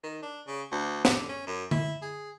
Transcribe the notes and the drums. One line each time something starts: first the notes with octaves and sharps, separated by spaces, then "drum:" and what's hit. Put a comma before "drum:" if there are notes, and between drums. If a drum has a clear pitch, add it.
D#3
D4
C#3
D2
D3, drum: snare
C#4
F#2
E4, drum: tom D3
G#4